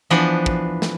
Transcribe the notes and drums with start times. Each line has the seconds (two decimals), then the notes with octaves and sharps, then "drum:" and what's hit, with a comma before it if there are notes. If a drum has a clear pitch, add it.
0.10 E3 F3 B3 D4 B4 C5
0.46 drum: kick
0.82 drum: snare